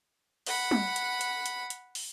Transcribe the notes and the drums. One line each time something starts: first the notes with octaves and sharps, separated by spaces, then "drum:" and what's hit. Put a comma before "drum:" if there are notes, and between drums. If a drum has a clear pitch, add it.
F#5 B5, drum: open hi-hat
drum: tom
drum: hi-hat
drum: hi-hat
drum: hi-hat
drum: hi-hat
drum: open hi-hat